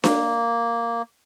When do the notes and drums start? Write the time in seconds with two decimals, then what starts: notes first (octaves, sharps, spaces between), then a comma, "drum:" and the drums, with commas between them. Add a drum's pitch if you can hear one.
0.04 A#3, drum: snare D4